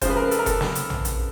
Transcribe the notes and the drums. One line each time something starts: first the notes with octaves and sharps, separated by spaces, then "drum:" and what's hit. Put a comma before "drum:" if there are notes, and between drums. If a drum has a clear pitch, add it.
C#3 F3 G#3 C5, drum: kick F1, hi-hat
B4
A#4
A4, drum: hi-hat
A#4
A4, drum: kick F1, hi-hat
drum: snare
drum: hi-hat
drum: tom
drum: hi-hat